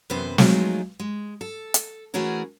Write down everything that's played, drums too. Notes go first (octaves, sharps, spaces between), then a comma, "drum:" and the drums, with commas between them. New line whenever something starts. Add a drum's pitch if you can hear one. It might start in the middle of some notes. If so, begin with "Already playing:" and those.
F#2 C3 E3 B3 B4 C5
F3 F#3 G#3 A3 D#4 F4, drum: snare
G#3
A4
drum: hi-hat
E3 A3 C#4 F#4 G#4 A#4